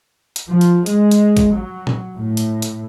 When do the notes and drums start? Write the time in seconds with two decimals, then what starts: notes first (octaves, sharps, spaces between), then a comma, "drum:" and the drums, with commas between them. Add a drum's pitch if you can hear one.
0.36 drum: hi-hat
0.48 F3
0.61 drum: hi-hat
0.86 G#3, drum: hi-hat
1.11 drum: hi-hat
1.37 drum: kick, hi-hat
1.54 F#3
1.87 drum: tom A#2
2.16 A2
2.37 drum: hi-hat
2.62 drum: hi-hat